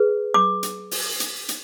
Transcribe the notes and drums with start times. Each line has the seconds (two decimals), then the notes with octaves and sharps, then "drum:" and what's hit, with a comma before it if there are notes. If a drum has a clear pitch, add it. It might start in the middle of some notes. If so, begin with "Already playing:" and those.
Already playing: G#4 B4
0.34 D6
0.63 drum: hi-hat
0.91 drum: open hi-hat
1.20 drum: hi-hat
1.49 drum: hi-hat